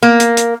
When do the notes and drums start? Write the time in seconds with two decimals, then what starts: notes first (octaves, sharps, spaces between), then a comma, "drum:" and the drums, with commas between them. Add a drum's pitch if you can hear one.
0.03 A#3
0.20 drum: hi-hat
0.37 drum: hi-hat